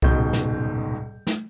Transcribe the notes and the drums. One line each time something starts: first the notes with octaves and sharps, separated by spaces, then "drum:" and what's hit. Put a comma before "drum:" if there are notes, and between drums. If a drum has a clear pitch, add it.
D#1 C#2 G#2 B2 G6, drum: kick C2
drum: snare
drum: snare